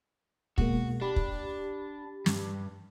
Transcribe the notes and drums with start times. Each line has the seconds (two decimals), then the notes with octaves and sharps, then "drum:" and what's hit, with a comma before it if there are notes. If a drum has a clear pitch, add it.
0.58 B2 G#3 A#3 F#4, drum: kick
1.02 D4 G4 B5
1.16 drum: kick
2.26 G2, drum: snare